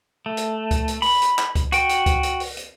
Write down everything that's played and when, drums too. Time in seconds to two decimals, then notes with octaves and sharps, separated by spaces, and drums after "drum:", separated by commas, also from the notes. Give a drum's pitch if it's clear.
0.26 A3
0.37 drum: hi-hat
0.71 drum: kick C#2, hi-hat
0.88 drum: hi-hat
1.02 B5, drum: open hi-hat
1.22 drum: hi-hat
1.39 drum: clap
1.55 drum: kick C#2, hi-hat
1.72 F#4 G5, drum: hi-hat
1.89 drum: hi-hat
2.06 drum: kick C#2, hi-hat
2.23 drum: hi-hat
2.40 drum: open hi-hat
2.57 drum: hi-hat